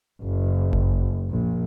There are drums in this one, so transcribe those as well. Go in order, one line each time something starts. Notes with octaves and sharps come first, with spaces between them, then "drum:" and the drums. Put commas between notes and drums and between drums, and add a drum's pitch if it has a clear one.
F#1
drum: kick G1
A#1